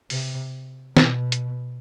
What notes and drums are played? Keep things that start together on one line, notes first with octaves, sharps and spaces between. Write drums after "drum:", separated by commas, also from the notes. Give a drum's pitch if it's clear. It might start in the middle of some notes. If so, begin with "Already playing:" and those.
C3, drum: open hi-hat
B2, drum: snare
drum: hi-hat